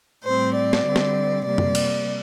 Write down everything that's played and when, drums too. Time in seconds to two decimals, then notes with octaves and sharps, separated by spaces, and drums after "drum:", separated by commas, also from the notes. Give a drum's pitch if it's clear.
0.25 A2 G3 C4 C5
0.55 D5
0.73 drum: snare
0.85 D3 G3 C4
0.96 drum: snare
1.46 C3 G3 A#3 D5
1.58 drum: tom
1.75 drum: cymbal